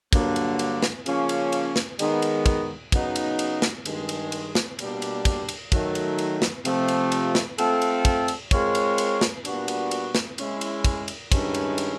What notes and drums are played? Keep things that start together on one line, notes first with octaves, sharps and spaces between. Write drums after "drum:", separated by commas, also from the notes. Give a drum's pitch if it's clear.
G2 D3 F#3 A#3, drum: kick, cymbal
drum: cymbal
drum: cymbal
drum: snare
C#3 F3 A#3 C#4, drum: cymbal
drum: cymbal
drum: cymbal
drum: snare
D#3 G#3 B3, drum: cymbal
drum: cymbal
drum: kick, cymbal
C#3 F#3 B3 D#4, drum: kick, cymbal
drum: cymbal
drum: cymbal
drum: snare
G2 D#3 G#3, drum: cymbal
drum: cymbal
drum: cymbal
drum: snare
B2 G3 A#3 D4, drum: cymbal
drum: cymbal
drum: kick, cymbal
drum: cymbal
D#3 F#3 A3, drum: kick, cymbal
drum: cymbal
drum: cymbal
drum: snare
C3 F3 A3, drum: cymbal
drum: cymbal
drum: cymbal
drum: snare
A3 C4 F4 A4, drum: cymbal
drum: cymbal
drum: kick, cymbal
drum: cymbal
G#3 C4 F4 A#4 C#5, drum: kick, cymbal
drum: cymbal
drum: cymbal
drum: snare
A#2 G3 B3 D4 F#4, drum: cymbal
drum: cymbal
drum: cymbal
drum: snare
G#3 C#4 E4, drum: cymbal
drum: cymbal
drum: kick, cymbal
drum: cymbal
G2 D#3 G#3 C#4 E4, drum: kick, cymbal
drum: cymbal
drum: cymbal